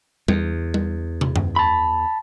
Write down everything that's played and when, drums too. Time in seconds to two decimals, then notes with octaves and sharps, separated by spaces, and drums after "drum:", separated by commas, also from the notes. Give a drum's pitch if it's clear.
0.28 E2, drum: tom G3
0.74 drum: tom G3
1.21 drum: tom
1.36 drum: tom F#2
1.56 A5 B5